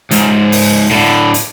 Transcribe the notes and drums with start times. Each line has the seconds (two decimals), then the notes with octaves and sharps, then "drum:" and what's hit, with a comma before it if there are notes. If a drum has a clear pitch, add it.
0.11 C#2 G#2, drum: hi-hat
0.52 drum: open hi-hat
0.91 A2 D3
1.34 drum: hi-hat